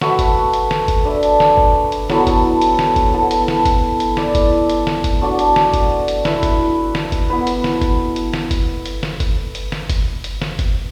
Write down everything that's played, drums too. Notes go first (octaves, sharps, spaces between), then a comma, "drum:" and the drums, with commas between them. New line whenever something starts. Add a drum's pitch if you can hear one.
A3 F#4 B4 E5, drum: snare
drum: kick, hi-hat
drum: hi-hat
drum: snare
drum: kick, hi-hat
D4 B4 E5
drum: hi-hat
drum: snare
drum: kick
drum: hi-hat
F#3 B3 E4 A4, drum: snare
drum: kick, hi-hat
drum: hi-hat
drum: snare
drum: kick, hi-hat
B3 E4 A4
drum: hi-hat
drum: snare
drum: kick, hi-hat
drum: hi-hat
E4 B4 D5, drum: snare
drum: kick, hi-hat
drum: hi-hat
drum: snare
drum: kick, hi-hat
A3 D4 F#4 D5
drum: hi-hat
drum: snare
drum: kick, hi-hat
drum: hi-hat
E4 B4 E5, drum: snare
drum: kick, hi-hat
drum: snare
drum: kick, hi-hat
B3 E4 B4
drum: hi-hat
drum: snare
drum: kick, hi-hat
drum: hi-hat
drum: snare
drum: kick, hi-hat
drum: hi-hat
drum: snare
drum: kick, hi-hat
drum: hi-hat
drum: snare
drum: kick, hi-hat
drum: hi-hat
drum: snare
drum: kick, hi-hat